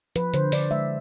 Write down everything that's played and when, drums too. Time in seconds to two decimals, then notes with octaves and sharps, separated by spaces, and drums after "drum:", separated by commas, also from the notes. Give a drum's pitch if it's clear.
0.16 F3 B4, drum: hi-hat
0.34 D3 C5, drum: hi-hat
0.52 D3 D5, drum: open hi-hat
0.71 G#3 E5